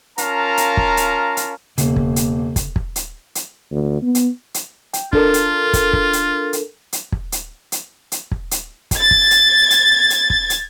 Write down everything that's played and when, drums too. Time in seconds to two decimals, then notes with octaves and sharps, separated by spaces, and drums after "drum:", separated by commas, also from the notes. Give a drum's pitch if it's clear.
0.18 C#4 F4 A#4 F5 A5 A#5, drum: hi-hat
0.57 drum: hi-hat
0.77 drum: kick
0.97 drum: hi-hat
1.37 drum: hi-hat
1.78 E1 C#3 A#3, drum: hi-hat
1.96 drum: kick
2.16 drum: hi-hat
2.56 drum: kick, hi-hat
2.76 drum: kick
2.96 drum: hi-hat
3.35 drum: hi-hat
3.71 D2
4.02 B3
4.15 drum: hi-hat
4.54 drum: hi-hat
4.93 G5, drum: hi-hat
5.13 D4 F4 A4 A#4, drum: kick
5.34 drum: hi-hat
5.73 drum: kick, hi-hat
5.93 drum: kick
6.13 drum: hi-hat
6.53 drum: hi-hat
6.93 drum: hi-hat
7.12 drum: kick
7.32 drum: hi-hat
7.72 drum: hi-hat
8.12 drum: hi-hat
8.31 drum: kick
8.51 drum: hi-hat
8.91 drum: kick, hi-hat
9.00 G#6 A6
9.11 drum: kick
9.31 drum: hi-hat
9.70 drum: hi-hat
10.10 drum: hi-hat
10.30 drum: kick
10.50 drum: hi-hat